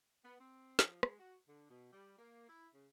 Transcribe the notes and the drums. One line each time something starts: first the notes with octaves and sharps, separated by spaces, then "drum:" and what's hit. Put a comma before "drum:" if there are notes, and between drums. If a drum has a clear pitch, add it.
B3
C4
F3, drum: snare
G#3, drum: rim click
F#4
D3
B2
G3
A#3
E4
C#3